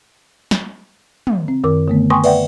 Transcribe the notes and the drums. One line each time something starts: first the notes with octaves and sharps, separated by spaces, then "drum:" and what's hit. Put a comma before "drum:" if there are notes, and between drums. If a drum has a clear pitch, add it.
drum: snare
drum: tom
C4
F#2 D#3 A#4 D6
D3 A3 B3
G5 G#5 C6 C#6 D#6, drum: rim click
B4 D5 E5 F#5 G5, drum: cymbal